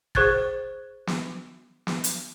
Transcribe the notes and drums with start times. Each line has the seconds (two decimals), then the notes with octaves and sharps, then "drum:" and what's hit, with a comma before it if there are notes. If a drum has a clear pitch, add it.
0.15 G#4 C5 C#6 F#6 G#6 A6, drum: kick
1.07 drum: snare
1.87 drum: snare
2.04 drum: hi-hat